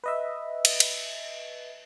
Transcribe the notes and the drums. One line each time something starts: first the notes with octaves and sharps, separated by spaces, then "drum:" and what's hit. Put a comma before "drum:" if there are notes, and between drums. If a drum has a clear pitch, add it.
B4 D#5 E5
drum: cymbal
drum: cymbal